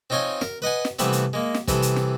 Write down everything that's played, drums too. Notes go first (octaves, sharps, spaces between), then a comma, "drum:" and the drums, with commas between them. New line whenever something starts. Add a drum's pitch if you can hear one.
C4 D#4 F4 C#5 D#5 G#5
A#4, drum: snare
B4 D#5 F#5 G#5
drum: snare
C3 E3 G3 A3 B3 C4, drum: hi-hat
drum: hi-hat
G#3 A#3
drum: snare
C3 E3 G3 A4 D#6, drum: kick, hi-hat
drum: hi-hat
drum: snare